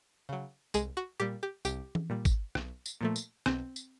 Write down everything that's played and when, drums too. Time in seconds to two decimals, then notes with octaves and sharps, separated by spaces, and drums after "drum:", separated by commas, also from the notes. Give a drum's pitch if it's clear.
0.29 C#3 F#3
0.74 C2 G#3 G#4, drum: tambourine
0.97 F#4
1.20 A#2 G3 G4
1.43 G4
1.65 C2 G4, drum: tambourine
1.95 drum: tom E3
2.10 A#2 G3
2.25 drum: kick, tambourine
2.55 B1, drum: rim click
2.86 drum: tambourine
3.01 A#2 F3 A3
3.16 drum: tambourine
3.46 B1 C4 C5, drum: rim click
3.76 drum: tambourine